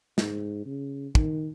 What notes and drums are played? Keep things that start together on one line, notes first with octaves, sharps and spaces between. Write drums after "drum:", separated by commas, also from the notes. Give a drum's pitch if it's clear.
G#2, drum: snare
C#3
D#3, drum: kick